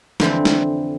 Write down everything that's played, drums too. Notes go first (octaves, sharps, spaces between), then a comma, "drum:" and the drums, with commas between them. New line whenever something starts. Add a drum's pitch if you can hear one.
F2 D3 E3 C4, drum: snare
drum: snare